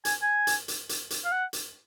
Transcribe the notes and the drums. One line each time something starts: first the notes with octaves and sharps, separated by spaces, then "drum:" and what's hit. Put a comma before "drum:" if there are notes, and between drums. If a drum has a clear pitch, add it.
G#5, drum: hi-hat
G#5
drum: hi-hat
drum: hi-hat
drum: hi-hat
drum: hi-hat
F5
F#5
drum: hi-hat